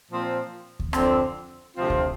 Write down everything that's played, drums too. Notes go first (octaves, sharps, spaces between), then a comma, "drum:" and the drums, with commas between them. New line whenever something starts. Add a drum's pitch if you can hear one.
A#2 F3 C4 F4
drum: kick D2
F2 D3 F3 C4, drum: rim click
D2 C3 F3 C4 F4
drum: kick D2